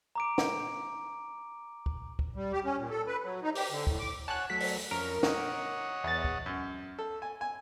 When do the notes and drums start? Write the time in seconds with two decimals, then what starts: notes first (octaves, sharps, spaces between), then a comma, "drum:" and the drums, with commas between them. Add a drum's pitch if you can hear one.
0.15 A#5 D6 D7
0.38 drum: snare
1.86 drum: kick
2.19 drum: kick
2.36 G3
2.53 G4
2.65 C#4
2.78 A#2
2.90 A4
3.07 B4
3.23 F#3
3.42 D#4
3.55 G4, drum: open hi-hat
3.71 D3
3.87 A2, drum: kick
3.99 D6
4.28 C#5 F#5 G#5 A5 F#6
4.50 F#3 A3 B6
4.60 drum: open hi-hat
4.91 F2 C#4 A#4
5.23 C#5 D#5 F#5, drum: snare
6.04 E2 A6
6.24 drum: kick
6.46 F#2
6.99 A4
7.22 G#5
7.41 G#5